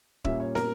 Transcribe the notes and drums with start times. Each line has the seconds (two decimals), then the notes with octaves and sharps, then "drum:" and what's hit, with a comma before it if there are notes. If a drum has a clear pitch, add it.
0.24 A#2 G3 A#3 C#4 E5, drum: kick D1
0.40 C#5
0.55 A#4, drum: snare